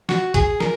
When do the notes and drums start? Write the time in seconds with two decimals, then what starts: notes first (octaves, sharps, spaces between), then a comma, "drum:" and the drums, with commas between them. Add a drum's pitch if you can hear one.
0.09 F#4, drum: snare
0.34 G#4, drum: kick, hi-hat
0.60 A#4, drum: snare